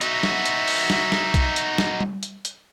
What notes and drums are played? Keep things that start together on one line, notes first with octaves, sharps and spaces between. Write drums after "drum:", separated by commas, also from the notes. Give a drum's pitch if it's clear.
D#4 F#4 E5, drum: hi-hat
drum: snare
drum: hi-hat
drum: open hi-hat
drum: snare
drum: snare
drum: kick, hi-hat
drum: hi-hat
drum: snare
drum: tom G3
drum: hi-hat
drum: hi-hat